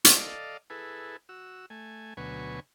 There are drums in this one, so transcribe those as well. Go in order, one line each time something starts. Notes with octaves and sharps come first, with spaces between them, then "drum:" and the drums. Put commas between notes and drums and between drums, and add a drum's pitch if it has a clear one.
A4 D5 D#5 F5, drum: hi-hat
E4 G#4 A4 B4
F#4 E6
A3 G#5
D2 B2 F#3 B4 G#5 C#6